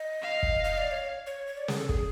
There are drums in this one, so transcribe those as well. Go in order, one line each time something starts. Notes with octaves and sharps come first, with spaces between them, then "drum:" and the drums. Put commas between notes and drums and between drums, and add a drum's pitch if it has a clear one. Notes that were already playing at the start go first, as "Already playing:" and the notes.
Already playing: D#5
F5
drum: kick
D#5
D5
C#5
C#5
C#5
D5
G#4, drum: snare
A4
G#4, drum: kick